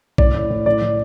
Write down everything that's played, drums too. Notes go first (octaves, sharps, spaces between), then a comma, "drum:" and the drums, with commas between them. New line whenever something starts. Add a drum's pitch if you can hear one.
A2 D5, drum: kick A#1
A2
A2
A2 D5
A2